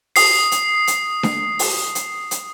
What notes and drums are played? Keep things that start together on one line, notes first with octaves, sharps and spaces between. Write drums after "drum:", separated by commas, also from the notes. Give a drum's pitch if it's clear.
D#6 C7, drum: open hi-hat
drum: hi-hat
drum: hi-hat
drum: snare D4
drum: open hi-hat
drum: hi-hat
drum: hi-hat